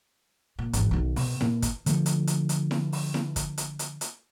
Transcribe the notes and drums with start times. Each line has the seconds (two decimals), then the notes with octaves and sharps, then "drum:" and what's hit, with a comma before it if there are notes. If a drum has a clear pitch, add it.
0.59 A#2
0.73 G#1 E2, drum: hi-hat
0.91 B1 D#3
1.16 B2, drum: open hi-hat
1.41 A#2, drum: snare E4
1.62 drum: kick, hi-hat
1.86 D3 F3 A3, drum: hi-hat
2.06 drum: hi-hat
2.27 drum: hi-hat
2.49 drum: hi-hat
2.71 drum: snare E4
2.92 drum: open hi-hat
3.14 drum: snare E4
3.36 drum: kick, hi-hat
3.58 drum: hi-hat
3.79 drum: hi-hat
4.01 drum: hi-hat